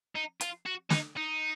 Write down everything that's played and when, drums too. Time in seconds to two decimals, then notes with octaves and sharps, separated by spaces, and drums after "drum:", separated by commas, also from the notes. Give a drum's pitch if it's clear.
0.15 D#4
0.41 F4, drum: hi-hat
0.66 F#4
0.90 D#4, drum: snare
1.17 D#4